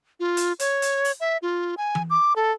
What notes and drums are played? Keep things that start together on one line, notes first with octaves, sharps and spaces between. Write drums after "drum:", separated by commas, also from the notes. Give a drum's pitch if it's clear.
F4
drum: hi-hat
C#5, drum: hi-hat
drum: hi-hat
drum: open hi-hat
E5
F4
G#5
drum: tom E3
D6
A4